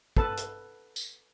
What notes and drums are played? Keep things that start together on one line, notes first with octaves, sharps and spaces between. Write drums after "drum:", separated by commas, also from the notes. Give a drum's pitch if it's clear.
A4 B4 A5, drum: kick
drum: hi-hat
drum: tambourine